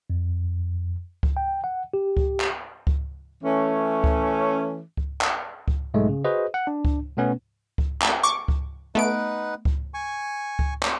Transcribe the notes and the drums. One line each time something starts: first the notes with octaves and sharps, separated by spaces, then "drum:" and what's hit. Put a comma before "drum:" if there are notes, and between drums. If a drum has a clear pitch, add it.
F2
drum: kick C#2
G5
F#5
G4
drum: kick C#2
drum: clap
drum: kick C#2
E3 A3 C#4
drum: kick C#2
drum: kick C#2
drum: clap
drum: kick C#2
B1 G#2 G#3 A3
C#3
F#4 G#4 B4 C5 D#5
F#5
D4
drum: kick C#2
B2 A3 B3 C#4 B4
drum: kick C#2
drum: clap
C#6 D6
drum: kick C#2
A3 B3 D#4 B4 F#5 D7
drum: kick C#2
G#5 C#6
drum: kick C#2
drum: clap